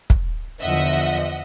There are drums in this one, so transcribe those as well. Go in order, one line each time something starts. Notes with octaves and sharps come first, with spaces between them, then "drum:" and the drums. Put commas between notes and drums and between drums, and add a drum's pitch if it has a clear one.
drum: kick
E2 D3 F3 D#5 E5 F#5